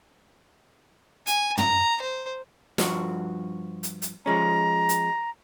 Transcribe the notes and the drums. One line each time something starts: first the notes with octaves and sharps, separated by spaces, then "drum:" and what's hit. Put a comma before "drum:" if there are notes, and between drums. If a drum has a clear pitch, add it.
G#5, drum: hi-hat
A#5, drum: tom
C5
G2 F3 F#4, drum: snare
drum: hi-hat
drum: hi-hat
F3 G#3 C#4 A#5
drum: hi-hat